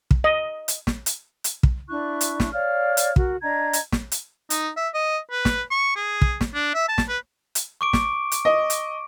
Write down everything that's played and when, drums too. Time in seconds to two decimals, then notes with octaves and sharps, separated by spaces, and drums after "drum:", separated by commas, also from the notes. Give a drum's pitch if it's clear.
0.11 drum: kick
0.24 D#5
0.68 drum: hi-hat
0.87 drum: snare
1.06 drum: hi-hat
1.44 drum: hi-hat
1.63 drum: kick
1.89 D4 E4 C#6 F#6
2.21 drum: hi-hat
2.40 drum: snare
2.53 C#5 D5 F5 F6
2.97 drum: hi-hat
3.16 F#4 A#4, drum: kick
3.42 D4 D#5 A#5 G#6
3.73 drum: hi-hat
3.92 drum: snare
4.12 drum: hi-hat
4.50 D#4, drum: hi-hat
4.77 E5
4.94 D#5
5.31 B4
5.45 drum: snare
5.71 C#6
5.96 G#4
6.22 drum: kick
6.41 drum: snare
6.54 D4
6.74 E5
6.89 A5
6.98 drum: snare
7.09 B4
7.55 drum: hi-hat
7.81 C#6 D6 D7
7.93 drum: snare
8.32 drum: hi-hat
8.45 D#5
8.70 drum: hi-hat